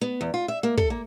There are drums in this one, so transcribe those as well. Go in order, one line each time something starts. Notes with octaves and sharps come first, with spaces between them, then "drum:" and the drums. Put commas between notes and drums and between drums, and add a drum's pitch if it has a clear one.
B3
E2
F4
E5
A#3
A4, drum: kick
A#3